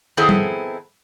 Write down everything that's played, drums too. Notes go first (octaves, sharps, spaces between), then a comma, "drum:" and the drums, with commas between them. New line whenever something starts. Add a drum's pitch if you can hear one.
D#3 B3 C4 E4 G#4 A4
drum: tom G3